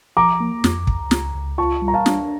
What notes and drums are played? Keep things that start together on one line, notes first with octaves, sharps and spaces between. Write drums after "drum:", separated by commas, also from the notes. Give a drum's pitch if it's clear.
F3 A#5 D6
A#3
F2, drum: snare
C#2, drum: kick
C#2, drum: snare
C#2
F4 A5 C#6
G3
A#5
F5 A5
D4, drum: snare